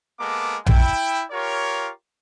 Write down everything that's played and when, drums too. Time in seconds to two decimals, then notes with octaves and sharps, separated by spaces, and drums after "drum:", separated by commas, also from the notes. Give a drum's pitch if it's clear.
0.20 G#3 A#3 B3 A4 D6
0.66 E4 G5, drum: tom A#1
1.31 F4 G4 A#4 C#5